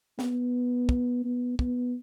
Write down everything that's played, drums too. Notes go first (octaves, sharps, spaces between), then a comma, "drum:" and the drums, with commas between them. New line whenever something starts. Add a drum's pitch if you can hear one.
B3, drum: snare
drum: kick
B3
B3, drum: kick